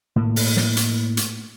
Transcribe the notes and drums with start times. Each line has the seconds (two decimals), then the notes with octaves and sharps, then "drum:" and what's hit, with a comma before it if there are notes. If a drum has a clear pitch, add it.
0.16 A2 A#3
0.36 drum: open hi-hat
0.56 drum: snare
0.77 drum: hi-hat
1.17 drum: hi-hat